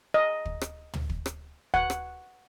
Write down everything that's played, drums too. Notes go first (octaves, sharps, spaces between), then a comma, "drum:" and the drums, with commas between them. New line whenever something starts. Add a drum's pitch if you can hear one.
D#5
drum: kick
drum: rim click
drum: tom
drum: kick
drum: rim click
F#5, drum: kick
drum: rim click